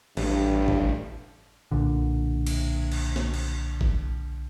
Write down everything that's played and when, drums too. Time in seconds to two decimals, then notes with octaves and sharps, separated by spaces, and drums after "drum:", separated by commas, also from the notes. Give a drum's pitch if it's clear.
0.17 A1 G2, drum: cymbal
0.68 drum: kick G1
1.71 B1 A#2 D3
2.47 drum: cymbal
2.92 drum: cymbal
3.16 drum: snare
3.34 drum: cymbal
3.81 drum: kick G1